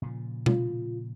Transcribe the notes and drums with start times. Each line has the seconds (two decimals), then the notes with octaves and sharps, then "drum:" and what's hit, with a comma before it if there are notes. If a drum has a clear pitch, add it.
0.02 A#2 C#3 F3
0.46 F4, drum: tom B2